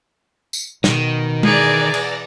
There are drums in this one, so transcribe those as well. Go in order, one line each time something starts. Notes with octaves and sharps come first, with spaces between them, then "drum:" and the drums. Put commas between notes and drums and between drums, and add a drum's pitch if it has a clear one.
drum: tambourine
B2 D#3, drum: snare
E3 G#4 D5 A#5, drum: tom G#3
drum: cymbal